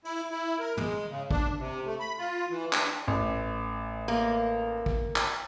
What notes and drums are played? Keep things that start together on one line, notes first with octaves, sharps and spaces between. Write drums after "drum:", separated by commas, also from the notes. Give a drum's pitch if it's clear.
E4, drum: open hi-hat
E4
A#4
G#3, drum: tom
C#3
D4, drum: kick
C3
A3
B5
F4
E3
D4, drum: clap
A1
A#3
drum: kick
drum: clap